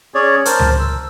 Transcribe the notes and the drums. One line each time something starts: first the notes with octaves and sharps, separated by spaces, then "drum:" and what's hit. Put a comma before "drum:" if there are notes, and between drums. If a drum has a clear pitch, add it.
C#4 G#4 C#5 D5
A#4 C5 A5, drum: hi-hat
drum: tom C#2
E6